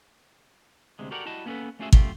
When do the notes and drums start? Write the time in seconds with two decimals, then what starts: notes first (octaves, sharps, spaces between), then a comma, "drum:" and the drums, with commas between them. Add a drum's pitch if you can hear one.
0.99 D2 C3 G#3
1.11 F#4 G4 A4 A#4 D5 F#5
1.25 G3 E4 F#4 D#5 A5
1.46 A#3 B3 C#4 G#4 A4 B4
1.79 A3 C#4 F4 F#4 G#4 E5
1.93 F#2 A3 F4 G4 C6, drum: kick